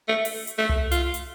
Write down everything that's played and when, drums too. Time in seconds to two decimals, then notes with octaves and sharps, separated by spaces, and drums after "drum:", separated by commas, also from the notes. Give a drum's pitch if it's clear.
0.08 A3
0.25 drum: open hi-hat
0.47 drum: hi-hat
0.58 A3
0.69 drum: tom C2
0.92 F4, drum: hi-hat
1.14 drum: hi-hat